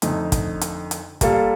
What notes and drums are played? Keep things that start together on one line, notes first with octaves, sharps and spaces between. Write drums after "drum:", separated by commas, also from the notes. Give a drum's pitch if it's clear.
F2 D3 A3 D#4, drum: hi-hat
drum: kick, hi-hat
drum: hi-hat
drum: hi-hat
G3 A#3 F4 A4, drum: kick, hi-hat